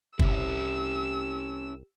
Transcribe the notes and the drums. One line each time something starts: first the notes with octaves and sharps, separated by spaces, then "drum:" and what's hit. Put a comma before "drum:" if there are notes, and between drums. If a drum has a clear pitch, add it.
C2 C#4 E4 G4 E6, drum: kick